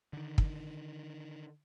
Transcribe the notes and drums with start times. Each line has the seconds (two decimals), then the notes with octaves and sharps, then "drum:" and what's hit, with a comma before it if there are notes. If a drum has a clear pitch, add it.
0.13 D3 D#3
0.38 drum: kick